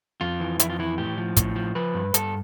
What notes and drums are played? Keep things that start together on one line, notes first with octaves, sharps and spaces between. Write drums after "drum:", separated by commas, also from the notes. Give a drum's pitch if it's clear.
F2 F4
E3
F2 E4, drum: hi-hat
F4
E3 E4
A2 G4
F3
A2, drum: kick, hi-hat
F3
F3 B4
G2
G2 A4, drum: hi-hat